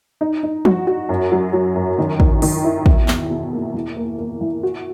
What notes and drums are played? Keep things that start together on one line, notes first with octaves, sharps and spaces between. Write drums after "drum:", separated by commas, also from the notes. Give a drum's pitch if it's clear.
D#4
D#4
F#4, drum: tom
F#4
F#2
F#3
F#3
F#2
D#3
D#3, drum: kick
D#3, drum: open hi-hat
E4
B2, drum: kick
E2, drum: clap
B2
A#3
E3
A#3
A#3
E3
F#4